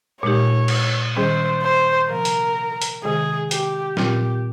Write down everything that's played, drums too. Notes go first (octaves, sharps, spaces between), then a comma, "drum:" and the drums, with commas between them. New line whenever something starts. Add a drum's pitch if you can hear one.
A#2 G#3 D#4 G4 C#5
drum: cymbal
D#3 G3 C#4 G#4 C5
C5
C3 F3 A#3 A#4
drum: hi-hat
drum: hi-hat
C3 D#3 G#3 G#4
G4, drum: hi-hat
A#2 G3 C4 F4 G4, drum: snare